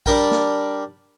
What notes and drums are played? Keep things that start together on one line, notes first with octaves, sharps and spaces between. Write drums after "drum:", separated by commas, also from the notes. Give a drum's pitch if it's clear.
G3 D4 A#4 G5, drum: kick A#1
drum: snare